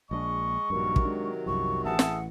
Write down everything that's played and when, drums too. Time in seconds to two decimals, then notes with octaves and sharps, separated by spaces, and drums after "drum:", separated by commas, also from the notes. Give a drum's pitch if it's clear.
0.11 A#1 F3 G#3 D4 D#5 C#6
0.70 A#1 G2 C3 D#3 F#3 A#4
0.96 drum: kick
1.05 G#3 D4
1.46 C2 F#2 F3 C#6
1.84 A1 E3 G#4 E5 F#5 A5
1.99 drum: snare